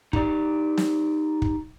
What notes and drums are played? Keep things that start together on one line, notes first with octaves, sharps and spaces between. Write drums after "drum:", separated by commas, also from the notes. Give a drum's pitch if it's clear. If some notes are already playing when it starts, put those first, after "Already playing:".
D#4 G4 D5, drum: kick
drum: snare
drum: kick